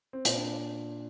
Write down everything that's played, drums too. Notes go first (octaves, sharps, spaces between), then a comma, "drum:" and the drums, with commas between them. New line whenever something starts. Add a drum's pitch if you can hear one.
C4
A#2, drum: hi-hat
D4